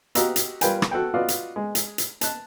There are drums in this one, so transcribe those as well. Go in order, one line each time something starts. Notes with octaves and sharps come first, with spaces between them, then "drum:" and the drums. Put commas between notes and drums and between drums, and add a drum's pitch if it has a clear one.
F#4 G4 D#5 F5 A#5 E6, drum: hi-hat
drum: hi-hat
G3 F4 A#4 B4 G5 G#5, drum: hi-hat
drum: rim click
F#4 A4 F#5 G5
B3 F4 F#4 D5 D#5 F5
drum: hi-hat
G#3
drum: hi-hat
drum: hi-hat
A5 F#6, drum: hi-hat